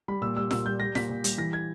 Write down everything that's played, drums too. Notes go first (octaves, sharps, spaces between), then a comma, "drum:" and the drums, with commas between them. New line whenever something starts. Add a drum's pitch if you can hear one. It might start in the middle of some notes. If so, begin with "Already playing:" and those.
G3 B5
A#2 E6
G3 E6
A#2 E6, drum: snare F4
G3 G6
G3 A#6
A#2 B6, drum: snare F4
A#2
G3, drum: hi-hat
E3 A#6
G#6